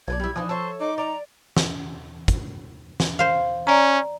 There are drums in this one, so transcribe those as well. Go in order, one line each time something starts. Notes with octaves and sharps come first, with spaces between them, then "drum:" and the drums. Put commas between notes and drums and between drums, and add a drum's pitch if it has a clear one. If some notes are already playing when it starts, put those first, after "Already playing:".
B1 A4 B4 D5 G#6
G3 E4
E3 F3 D4 D#4
A4 C5 C#5 E5 A5
D#4 D6
D5 A#5
drum: snare
drum: kick, hi-hat
drum: snare
C5 F5
C#4 D5 A#5